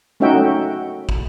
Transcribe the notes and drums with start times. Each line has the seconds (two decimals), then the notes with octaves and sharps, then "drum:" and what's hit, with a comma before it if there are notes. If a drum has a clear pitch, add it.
0.20 A3 C#4 D#4 F#4 E5 G5
1.09 drum: kick